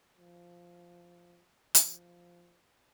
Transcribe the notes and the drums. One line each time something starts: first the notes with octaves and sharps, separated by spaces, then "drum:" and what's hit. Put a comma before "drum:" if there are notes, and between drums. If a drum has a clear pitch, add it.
F3
F3, drum: hi-hat